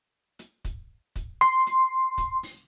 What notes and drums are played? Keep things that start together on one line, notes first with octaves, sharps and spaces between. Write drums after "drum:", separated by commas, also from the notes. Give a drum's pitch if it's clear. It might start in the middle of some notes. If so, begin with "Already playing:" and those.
drum: hi-hat
drum: kick, hi-hat
drum: kick, hi-hat
C6, drum: rim click
drum: hi-hat
drum: kick, hi-hat
drum: open hi-hat